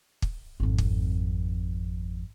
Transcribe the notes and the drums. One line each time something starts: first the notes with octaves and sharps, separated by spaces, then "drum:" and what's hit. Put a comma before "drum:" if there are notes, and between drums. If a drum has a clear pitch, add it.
drum: kick
G#1 F2
drum: kick